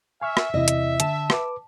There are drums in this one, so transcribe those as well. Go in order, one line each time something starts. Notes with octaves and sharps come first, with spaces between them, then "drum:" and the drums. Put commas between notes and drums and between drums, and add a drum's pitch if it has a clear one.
E5 G#5 C#6 F6
drum: rim click
E2 C3 E4 D#5
drum: hi-hat
D3 A5, drum: hi-hat
B4 D6, drum: rim click